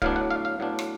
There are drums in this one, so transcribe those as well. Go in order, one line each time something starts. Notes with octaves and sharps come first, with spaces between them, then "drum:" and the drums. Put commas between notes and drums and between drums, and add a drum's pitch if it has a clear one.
A2 F#3 B3 D4 F5, drum: kick C#1
F#5
F5
F5
A2 F#3 B3 D4
drum: rim click